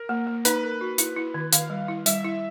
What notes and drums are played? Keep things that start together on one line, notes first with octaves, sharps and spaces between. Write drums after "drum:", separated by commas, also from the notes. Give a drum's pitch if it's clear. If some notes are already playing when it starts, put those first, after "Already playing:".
Already playing: A#4
A#3
A#3
D#4 B4, drum: hi-hat
A#4
F#4
E4, drum: hi-hat
E4
D#3
D#3 F5, drum: hi-hat
G3
E4
G3 E5, drum: hi-hat
E4